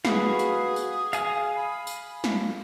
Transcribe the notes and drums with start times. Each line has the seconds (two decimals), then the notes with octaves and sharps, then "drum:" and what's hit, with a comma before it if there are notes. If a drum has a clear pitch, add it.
0.05 F#4 G#4 B4 F5, drum: snare
0.39 drum: tambourine
0.76 drum: tambourine
1.13 F5 G#5 D#6, drum: tambourine
1.56 B5
1.87 drum: tambourine
2.24 drum: snare